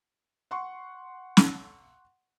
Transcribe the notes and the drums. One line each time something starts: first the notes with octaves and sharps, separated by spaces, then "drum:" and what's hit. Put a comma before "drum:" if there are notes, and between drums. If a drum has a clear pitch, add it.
F#5 C6 C#6
drum: snare